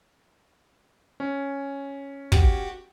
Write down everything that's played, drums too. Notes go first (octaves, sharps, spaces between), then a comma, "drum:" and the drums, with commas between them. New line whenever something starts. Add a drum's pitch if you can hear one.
C#4
F#4 G4, drum: kick